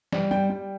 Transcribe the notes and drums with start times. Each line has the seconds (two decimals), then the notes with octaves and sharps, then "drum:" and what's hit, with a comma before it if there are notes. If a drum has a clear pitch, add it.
0.12 G3, drum: snare
0.31 G3 G5
0.50 G3